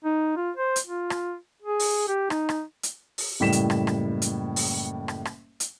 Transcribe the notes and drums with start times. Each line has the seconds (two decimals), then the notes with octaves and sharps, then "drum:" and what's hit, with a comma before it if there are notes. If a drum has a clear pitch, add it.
0.05 D#4
0.37 F4
0.57 C5
0.76 drum: hi-hat
0.87 F4
1.10 drum: rim click
1.62 G#4
1.79 drum: open hi-hat
2.08 G4
2.30 D#4, drum: rim click
2.49 drum: rim click
2.83 drum: hi-hat
3.18 drum: open hi-hat
3.40 F#1 A2 G3 B6 E7
3.52 drum: hi-hat
3.70 drum: rim click
3.87 drum: rim click
4.22 drum: hi-hat
4.56 drum: open hi-hat
5.08 drum: rim click
5.25 drum: rim click
5.60 drum: hi-hat